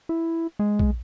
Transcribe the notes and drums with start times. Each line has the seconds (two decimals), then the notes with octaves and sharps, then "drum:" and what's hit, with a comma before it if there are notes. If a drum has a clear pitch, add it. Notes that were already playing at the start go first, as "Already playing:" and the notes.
0.09 E4
0.59 G#3
0.79 drum: kick